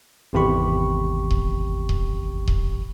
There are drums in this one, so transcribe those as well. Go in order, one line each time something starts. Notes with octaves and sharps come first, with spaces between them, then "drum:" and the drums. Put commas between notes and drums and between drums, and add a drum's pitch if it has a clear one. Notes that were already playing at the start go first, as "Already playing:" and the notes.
G#1 E2 C3 G4 B5 C#6
drum: kick D#1
drum: kick D#1
drum: kick D#1